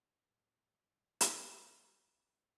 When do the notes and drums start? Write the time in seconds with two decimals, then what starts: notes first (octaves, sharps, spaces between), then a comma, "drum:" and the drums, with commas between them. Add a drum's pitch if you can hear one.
0.23 F#2 A2 D#3 G3
1.21 drum: hi-hat